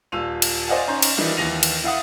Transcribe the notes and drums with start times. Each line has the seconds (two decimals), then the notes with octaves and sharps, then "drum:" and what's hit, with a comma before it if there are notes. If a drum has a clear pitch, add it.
0.12 D#1 F4 E6 D#7 F7
0.42 drum: cymbal
0.68 C5 D5 D#5 F5 F#5 G#5
0.87 C#4 D#4 A#5 C6 G6
1.02 drum: cymbal
1.18 D#3 E3 G3 D4 D#4 F4
1.37 D#2 E3 A#6 D#7 F7
1.63 drum: cymbal
1.84 E4 F5 F#5 D#6